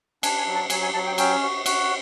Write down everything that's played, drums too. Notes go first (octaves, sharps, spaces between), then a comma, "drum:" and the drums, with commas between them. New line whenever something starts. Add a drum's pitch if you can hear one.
D4 G#5, drum: cymbal
G#5
F#3
A5
F#3 G#5, drum: cymbal
G#5
F#3 A5
G5
C#4 G5, drum: cymbal
F#4
F#4 F#5, drum: cymbal